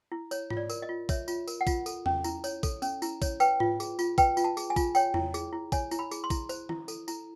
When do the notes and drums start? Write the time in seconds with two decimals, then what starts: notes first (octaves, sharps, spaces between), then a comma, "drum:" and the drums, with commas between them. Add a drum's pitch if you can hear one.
0.12 E4
0.31 C#5, drum: tambourine
0.50 F4, drum: tom G#2
0.57 D5
0.70 A#4, drum: tambourine
0.82 D#5
0.89 F4
1.09 C#5 E5, drum: kick A#1, tambourine
1.28 F4, drum: tambourine
1.48 A#4, drum: tambourine
1.61 F#5
1.67 F4, drum: kick A#1, tambourine
1.86 A4, drum: tambourine
2.06 C#4, drum: tom E2
2.24 E4, drum: tambourine
2.44 C#5, drum: tambourine
2.63 A4, drum: kick A#1, tambourine
2.82 C#4, drum: tambourine
3.02 E4, drum: tambourine
3.22 C#5, drum: kick A#1, tambourine
3.40 B4 G5, drum: tambourine
3.60 F4, drum: tom G#2
3.80 G#4, drum: tambourine
3.99 F4, drum: tambourine
4.18 B4 G5, drum: kick A#1, tambourine
4.37 F4, drum: tambourine
4.44 A5
4.57 G#4, drum: tambourine
4.70 G#5
4.76 F4, drum: kick A#1, tambourine
4.95 C#5 G5, drum: tambourine
5.14 E4, drum: tom E2
5.34 G#4, drum: tambourine
5.53 E4
5.72 C#5 G#5, drum: kick A#1, tambourine
5.91 E4, drum: tambourine
5.99 B5
6.11 G#4, drum: tambourine
6.24 C6
6.30 E4, drum: kick A#1, tambourine
6.49 C5, drum: tambourine
6.69 E4, drum: tom D#3
6.88 A4, drum: tambourine
7.08 E4, drum: tambourine